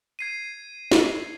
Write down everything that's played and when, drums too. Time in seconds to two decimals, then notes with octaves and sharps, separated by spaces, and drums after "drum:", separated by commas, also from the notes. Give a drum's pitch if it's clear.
0.19 G#6 C7 D#7
0.91 drum: snare